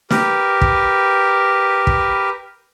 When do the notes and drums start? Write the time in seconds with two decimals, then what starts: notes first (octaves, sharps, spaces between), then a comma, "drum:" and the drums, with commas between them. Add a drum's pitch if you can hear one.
0.10 G4 A#4 B4, drum: snare
0.61 drum: kick
1.87 drum: kick